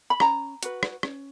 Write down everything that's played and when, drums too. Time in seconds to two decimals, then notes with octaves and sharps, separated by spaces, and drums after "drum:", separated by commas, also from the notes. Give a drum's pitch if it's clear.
0.10 B5
0.20 C#4 A#5, drum: rim click
0.63 F#4 B4, drum: hi-hat
0.83 drum: rim click
1.03 C#4, drum: rim click